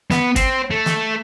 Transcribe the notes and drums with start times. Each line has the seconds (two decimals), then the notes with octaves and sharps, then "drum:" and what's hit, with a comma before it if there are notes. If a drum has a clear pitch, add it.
0.11 B3, drum: snare
0.36 C4, drum: kick, hi-hat
0.71 A3
0.86 drum: snare